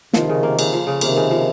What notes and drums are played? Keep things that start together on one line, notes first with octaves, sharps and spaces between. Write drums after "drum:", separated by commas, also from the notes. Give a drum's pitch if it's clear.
C3 D#3 F3, drum: snare
C#3
A#3
C#3, drum: cymbal
F3
C#3
C3 D#3 A#3, drum: cymbal
C#3
F3